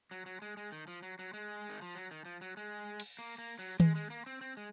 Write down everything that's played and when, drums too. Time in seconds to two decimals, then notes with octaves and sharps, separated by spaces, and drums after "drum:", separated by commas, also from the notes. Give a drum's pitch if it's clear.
0.11 F#3
0.26 F#3
0.42 G#3
0.57 G#3
0.72 D#3
0.88 F3
1.02 F#3
1.19 F#3
1.34 G#3
1.69 D#3
1.82 F3
1.95 F#3
2.11 D#3
2.25 F3
2.41 F#3
2.57 G#3
3.00 drum: cymbal
3.19 A#3
3.38 A#3
3.59 F#3
3.80 G#3, drum: tom D#3
3.95 G#3
4.10 A#3
4.26 C4
4.41 C4
4.57 G#3